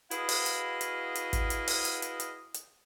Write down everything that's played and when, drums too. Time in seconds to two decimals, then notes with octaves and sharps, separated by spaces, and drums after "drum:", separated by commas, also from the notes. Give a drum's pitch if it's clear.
0.11 E4 F#4 G#4 B4 D#5 F5, drum: hi-hat
0.29 drum: open hi-hat
0.46 drum: hi-hat
0.81 drum: hi-hat
1.15 drum: hi-hat
1.33 drum: kick, hi-hat
1.50 drum: hi-hat
1.68 drum: open hi-hat
1.85 drum: hi-hat
2.02 drum: hi-hat
2.20 drum: hi-hat
2.54 drum: hi-hat